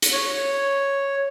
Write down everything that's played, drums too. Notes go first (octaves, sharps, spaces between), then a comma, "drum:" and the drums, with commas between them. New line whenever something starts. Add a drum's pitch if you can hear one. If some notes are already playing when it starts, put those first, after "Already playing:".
drum: hi-hat
C#5